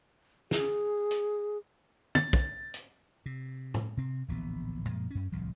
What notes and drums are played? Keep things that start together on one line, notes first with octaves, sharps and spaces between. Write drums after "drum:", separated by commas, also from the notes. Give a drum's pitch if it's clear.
G#4, drum: snare
drum: hi-hat
A6, drum: tom
drum: kick
drum: hi-hat
C3
drum: tom
C3 C4
D1 A#1 E3 B3
F#2 A#2 F3 G#3
F#2 C#4
D1 C2 F3